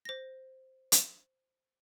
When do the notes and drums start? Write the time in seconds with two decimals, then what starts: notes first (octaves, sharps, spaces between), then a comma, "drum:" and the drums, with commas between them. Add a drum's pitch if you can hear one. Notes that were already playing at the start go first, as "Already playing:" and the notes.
0.05 C5 A#6
0.92 drum: hi-hat